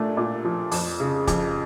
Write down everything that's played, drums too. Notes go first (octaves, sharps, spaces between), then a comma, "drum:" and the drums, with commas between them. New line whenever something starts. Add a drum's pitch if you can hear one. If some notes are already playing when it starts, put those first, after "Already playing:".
Already playing: A#2 A3 D4
A#2
F3
F2, drum: open hi-hat
C#3
F2, drum: kick, hi-hat